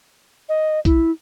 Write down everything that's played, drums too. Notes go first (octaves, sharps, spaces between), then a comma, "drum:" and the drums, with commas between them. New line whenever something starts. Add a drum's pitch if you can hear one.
D#5
E4, drum: kick B1, hi-hat